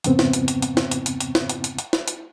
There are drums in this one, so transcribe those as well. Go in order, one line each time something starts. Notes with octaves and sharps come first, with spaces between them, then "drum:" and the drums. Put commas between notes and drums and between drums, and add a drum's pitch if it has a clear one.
F2 G#2 C#3 B3 C4, drum: hi-hat
drum: snare
drum: hi-hat
drum: hi-hat
drum: hi-hat
drum: snare
drum: hi-hat
drum: hi-hat
drum: hi-hat
drum: snare
drum: hi-hat
drum: hi-hat
drum: hi-hat
drum: snare
drum: hi-hat